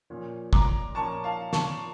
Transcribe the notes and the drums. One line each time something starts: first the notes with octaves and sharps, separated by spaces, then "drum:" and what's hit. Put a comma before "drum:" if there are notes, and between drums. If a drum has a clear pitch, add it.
A#2 F3 C#4
A#5 D6, drum: kick
A#2 F3 C#4 A5 C#6
F5 A5
A5 C#6, drum: snare